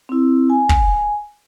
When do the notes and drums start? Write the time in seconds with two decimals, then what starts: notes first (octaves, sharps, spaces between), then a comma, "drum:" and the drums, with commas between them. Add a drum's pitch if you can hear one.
0.09 C4 E4
0.50 G#5
0.69 drum: kick